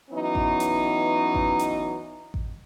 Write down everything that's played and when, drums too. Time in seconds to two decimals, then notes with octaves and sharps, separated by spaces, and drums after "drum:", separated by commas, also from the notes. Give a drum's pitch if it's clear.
0.10 E3 F#3 B3 C#4 D#4
0.35 drum: kick A1
0.60 drum: hi-hat
1.35 drum: kick A1
1.59 drum: hi-hat
2.34 drum: kick A1